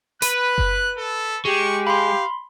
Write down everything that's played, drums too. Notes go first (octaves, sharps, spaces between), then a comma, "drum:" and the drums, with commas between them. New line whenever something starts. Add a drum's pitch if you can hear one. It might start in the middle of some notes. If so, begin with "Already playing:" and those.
B4 F#6, drum: hi-hat
drum: kick F#1
A4
G#3 G4 C#6
F5 B5 C6